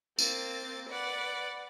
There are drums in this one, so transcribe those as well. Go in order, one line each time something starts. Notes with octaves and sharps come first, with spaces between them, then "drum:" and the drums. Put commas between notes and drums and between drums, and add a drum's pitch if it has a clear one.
A#3 C4 A6, drum: tambourine
B4 D5 F#5